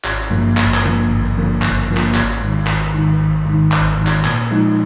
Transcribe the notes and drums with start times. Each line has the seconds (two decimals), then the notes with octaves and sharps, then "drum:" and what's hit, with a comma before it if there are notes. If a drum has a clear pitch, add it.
0.05 G#1, drum: clap
0.30 G2 D3 F3 A#3
0.57 G#1, drum: clap
0.74 drum: clap
0.83 G2 D3 F3 A#3
1.09 G#1
1.36 G2 D3 F3 A#3
1.62 G#1, drum: clap
1.88 G2 D3 F3 A#3
1.97 drum: clap
2.15 G#1, drum: clap
2.40 G#2 D#3
2.67 G#1, drum: clap
2.93 G#2 D#3
3.19 G#1
3.46 G#2 D#3
3.72 G#1, drum: clap
3.98 G#2 D#3
4.07 drum: clap
4.25 A#2, drum: clap
4.51 F3 G#3 D#4